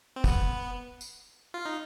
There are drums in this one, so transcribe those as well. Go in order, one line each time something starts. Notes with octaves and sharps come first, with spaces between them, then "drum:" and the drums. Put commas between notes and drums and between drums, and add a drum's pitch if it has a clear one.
C4
B3, drum: kick, tambourine
drum: tambourine
F4
D#4